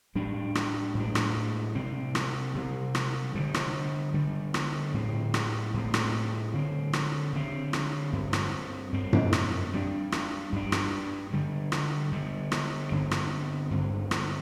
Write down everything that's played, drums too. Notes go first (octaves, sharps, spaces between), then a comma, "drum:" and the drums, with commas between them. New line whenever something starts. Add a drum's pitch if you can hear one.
A2 G3 D4
drum: rim click
A2 G3 D4
drum: rim click
C3 G3 C4
drum: rim click
C3 G3 C4
drum: rim click
G2 D3 G3
drum: rim click
G2 D3 G3
drum: rim click
A2 G3 C4
drum: rim click
A2 G3 C4
drum: rim click
D3 C4
drum: rim click
D3 C4
drum: rim click
G2 G3 C4
drum: rim click
G2 G3 C4
drum: tom F#2
drum: rim click
G2 G3 D4
drum: rim click
G2 G3 D4
drum: rim click
G2 D3 G3
drum: rim click
G2 D3 G3
drum: rim click
G2 D3 C4
drum: rim click
G2 D3 C4
drum: rim click